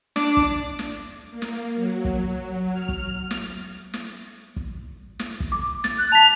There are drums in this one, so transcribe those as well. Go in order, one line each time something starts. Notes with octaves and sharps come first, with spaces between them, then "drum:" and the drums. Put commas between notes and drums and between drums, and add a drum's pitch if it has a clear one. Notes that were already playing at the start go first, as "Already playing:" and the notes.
D4, drum: snare
drum: kick
drum: snare
A#3
drum: snare
F#3
drum: kick
F6
drum: kick
drum: snare
drum: snare
drum: kick
drum: snare
drum: kick
D6
A6, drum: snare
F#6
A5 B6 F7